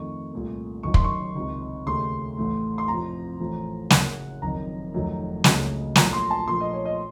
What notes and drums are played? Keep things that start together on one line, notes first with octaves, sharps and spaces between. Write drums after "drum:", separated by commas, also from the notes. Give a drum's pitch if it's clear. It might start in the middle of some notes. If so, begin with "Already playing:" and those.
Already playing: F2 D#3 A3 C#6
C2 A#2 A3
F#1 F#2 D#3 C#6
C6, drum: kick
C#6
C#2 C3 D#3
D#2 C#3 A3 C6
A1 A2 A3
C6
F2 C3 F3 A#5
A1 A2 F3 A3
F#1 F#2 C#3 F#5, drum: snare
F#1 F2 D#3 A#5
F1 F2 D#3 F#3 A3
C#2 C#3 F#3 A3, drum: snare
A#1 A#2 F#3 A3 A#5, drum: snare
C6
A5
A#1 A#2 F3 A3 C6
D#5
C#5
D#5